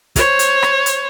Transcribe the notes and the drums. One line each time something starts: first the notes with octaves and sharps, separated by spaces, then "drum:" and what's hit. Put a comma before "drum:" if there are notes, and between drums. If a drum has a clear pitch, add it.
C5 C#5, drum: kick, hi-hat
drum: hi-hat
drum: rim click
drum: hi-hat